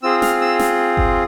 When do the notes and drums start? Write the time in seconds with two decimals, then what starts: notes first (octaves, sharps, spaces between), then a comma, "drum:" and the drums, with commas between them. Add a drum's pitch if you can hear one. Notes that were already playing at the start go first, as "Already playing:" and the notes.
0.03 C4 F4 G#4 E6
0.22 F6, drum: snare
0.41 E6
0.59 drum: snare
0.97 drum: kick G1